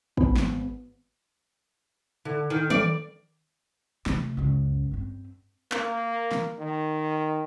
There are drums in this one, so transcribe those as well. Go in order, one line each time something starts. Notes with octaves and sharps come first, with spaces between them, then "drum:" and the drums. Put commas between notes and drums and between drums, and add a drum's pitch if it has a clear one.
G#1 B3, drum: kick
drum: snare
D3
D#3
D5, drum: tom
C3 A3, drum: snare
C#2 F#2
G2 C4
A#3, drum: clap
drum: snare
D#3